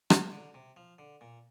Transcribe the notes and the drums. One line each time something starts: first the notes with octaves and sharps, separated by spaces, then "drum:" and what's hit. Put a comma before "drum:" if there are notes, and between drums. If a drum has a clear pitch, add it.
F3, drum: rim click
D3
C3
F3
D3
A#2